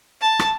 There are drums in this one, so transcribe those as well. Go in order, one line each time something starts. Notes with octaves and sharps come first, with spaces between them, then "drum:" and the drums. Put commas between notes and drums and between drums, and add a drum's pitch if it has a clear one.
A5
drum: rim click